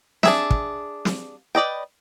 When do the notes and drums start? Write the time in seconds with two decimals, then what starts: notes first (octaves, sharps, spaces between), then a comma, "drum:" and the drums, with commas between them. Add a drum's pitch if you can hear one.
0.23 D4 G#4 E5, drum: snare
0.51 drum: kick
1.05 drum: snare
1.55 B4 D5 D#5 G5